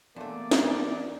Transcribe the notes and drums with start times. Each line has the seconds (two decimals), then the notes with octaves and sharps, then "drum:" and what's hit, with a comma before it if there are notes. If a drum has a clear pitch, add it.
0.16 E2 A3 A#3 D4 D5 G#5 C6
0.51 drum: snare